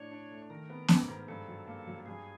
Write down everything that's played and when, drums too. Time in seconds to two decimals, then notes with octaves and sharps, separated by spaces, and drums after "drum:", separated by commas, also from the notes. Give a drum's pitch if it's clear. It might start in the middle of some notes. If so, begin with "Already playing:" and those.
Already playing: A2 D4 C#5
0.11 D4
0.31 A3
0.50 D#3 A#4
0.70 B3
0.88 G#2, drum: snare B3
1.08 G#2
1.28 G2 A4
1.48 F#3
1.67 A#3
1.87 F#3
2.06 G2 G#4